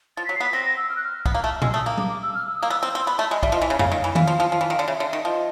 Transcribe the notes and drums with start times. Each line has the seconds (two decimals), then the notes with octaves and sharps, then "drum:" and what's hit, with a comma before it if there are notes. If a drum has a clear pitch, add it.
0.17 F3 A6
0.25 B6
0.29 F#3
0.35 C7
0.40 B3
0.44 B6
0.53 C4 A#6
0.66 A#6
0.77 E6
0.90 F6
0.96 F#6
1.04 F6
1.26 B3, drum: kick
1.34 A#3
1.44 A3
1.62 G#3 E6, drum: tom A#2
1.74 A3 D#6
1.86 A#3
1.98 D6, drum: tom F#3
2.10 D6
2.22 E6
2.35 F6
2.47 E6
2.58 A#3 D#6
2.70 B3 E6
2.82 C4 E6
2.95 C4 C6
3.06 B3 B5
3.19 A3 A5
3.31 G#3 D#5
3.43 G3 E5, drum: kick
3.52 F3
3.56 D#5
3.62 E3
3.68 C#3 E5
3.79 C#3 F5, drum: tom F2
3.92 D#3 F5
4.04 E3
4.15 E3 F5, drum: tom D#3
4.27 F3
4.40 F3
4.52 F3
4.61 E3
4.70 D#3
4.79 D3
4.88 C#3 E5
5.00 D3
5.13 D#3
5.25 F3 D#5